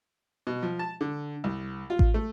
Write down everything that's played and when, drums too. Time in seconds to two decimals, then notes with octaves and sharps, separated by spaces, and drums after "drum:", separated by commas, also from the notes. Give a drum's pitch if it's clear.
0.47 B2
0.63 F3
0.79 A5
1.01 D3
1.44 C2
1.90 F4
1.99 drum: kick A1
2.14 A3